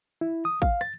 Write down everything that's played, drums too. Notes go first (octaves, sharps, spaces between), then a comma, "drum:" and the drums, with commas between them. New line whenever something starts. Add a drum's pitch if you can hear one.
E4
D#6
F5, drum: kick
A6, drum: rim click